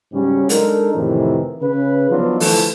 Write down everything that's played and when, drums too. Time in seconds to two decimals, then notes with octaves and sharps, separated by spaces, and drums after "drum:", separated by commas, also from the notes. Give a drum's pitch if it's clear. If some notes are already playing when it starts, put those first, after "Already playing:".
0.12 G#2 C#3 F#3 G3 C#4
0.49 G#3 D4 D#4 A4 A#4, drum: hi-hat
0.95 F2 A2 C3 D#3 E3
1.61 C#3 B4
2.09 F3 F#3 B3 D4 D#4 F4
2.40 D3 E3 F3 A3 A4, drum: open hi-hat